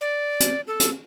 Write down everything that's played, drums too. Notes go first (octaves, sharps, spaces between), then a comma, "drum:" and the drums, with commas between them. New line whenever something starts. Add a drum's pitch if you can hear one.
D5
drum: hi-hat
A4
drum: hi-hat